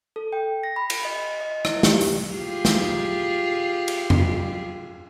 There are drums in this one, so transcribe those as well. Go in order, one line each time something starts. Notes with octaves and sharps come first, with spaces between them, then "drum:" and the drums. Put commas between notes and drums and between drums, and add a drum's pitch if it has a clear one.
A4
G5
A#6
B5
drum: cymbal
D#5
D#5
E4, drum: rim click
G4, drum: snare
drum: open hi-hat
F4 G4 G#4
drum: snare
drum: cymbal
drum: tom F2